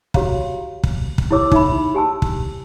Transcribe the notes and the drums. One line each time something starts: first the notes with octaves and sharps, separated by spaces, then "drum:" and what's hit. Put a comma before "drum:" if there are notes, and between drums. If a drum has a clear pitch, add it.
F#4 G4 C#5 F5 A#5, drum: kick
drum: kick
drum: kick
E4 G4 C#5 D6 E6
D#4 E5 B5, drum: kick
G4 G#5 A5 E6
drum: kick